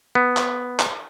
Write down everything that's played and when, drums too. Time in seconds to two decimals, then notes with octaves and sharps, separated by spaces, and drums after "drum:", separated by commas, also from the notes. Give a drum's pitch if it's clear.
0.15 B3
0.37 drum: clap
0.79 drum: clap